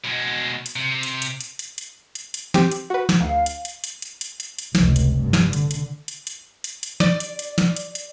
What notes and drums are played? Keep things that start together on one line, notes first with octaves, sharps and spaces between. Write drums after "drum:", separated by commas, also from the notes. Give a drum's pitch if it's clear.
B2 G#3
drum: hi-hat
C3
drum: hi-hat
drum: hi-hat
drum: hi-hat
drum: hi-hat
drum: hi-hat
drum: hi-hat
drum: hi-hat
C4 G4, drum: snare
drum: hi-hat
F#4 B4
drum: snare
D2 F5
drum: hi-hat
drum: hi-hat
drum: hi-hat
drum: hi-hat
drum: hi-hat
drum: hi-hat
drum: hi-hat
F1 C#2, drum: snare
drum: hi-hat
G2
drum: snare
D3, drum: hi-hat
drum: hi-hat
drum: hi-hat
drum: hi-hat
drum: hi-hat
drum: hi-hat
D5, drum: snare
drum: hi-hat
drum: hi-hat
drum: snare
drum: hi-hat
drum: hi-hat